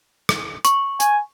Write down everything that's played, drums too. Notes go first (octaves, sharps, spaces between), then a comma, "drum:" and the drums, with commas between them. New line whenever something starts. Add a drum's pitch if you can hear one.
drum: rim click
C#6, drum: hi-hat
G#5, drum: hi-hat